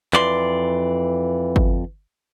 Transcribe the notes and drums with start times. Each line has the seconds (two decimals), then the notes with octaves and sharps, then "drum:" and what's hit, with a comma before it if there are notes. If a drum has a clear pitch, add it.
0.13 F2 E3 D5 C6, drum: clap
1.56 drum: kick G1